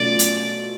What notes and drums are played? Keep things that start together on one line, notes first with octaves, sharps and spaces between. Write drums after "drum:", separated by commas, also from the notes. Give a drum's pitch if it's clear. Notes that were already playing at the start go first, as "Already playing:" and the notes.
Already playing: B2 F#3 A3 C#4 F4 D5
drum: hi-hat